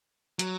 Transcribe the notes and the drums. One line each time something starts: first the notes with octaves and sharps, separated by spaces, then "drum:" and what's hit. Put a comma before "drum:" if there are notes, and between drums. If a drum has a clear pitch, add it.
F#3, drum: hi-hat